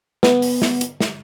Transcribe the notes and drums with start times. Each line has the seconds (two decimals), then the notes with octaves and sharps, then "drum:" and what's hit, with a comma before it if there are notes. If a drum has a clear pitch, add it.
0.23 B3, drum: snare
0.42 drum: open hi-hat
0.62 drum: snare
0.81 drum: hi-hat
1.00 drum: snare